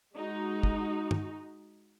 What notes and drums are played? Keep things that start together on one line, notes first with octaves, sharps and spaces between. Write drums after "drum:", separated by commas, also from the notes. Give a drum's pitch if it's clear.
G#3 D#4 F#4
drum: kick
drum: tom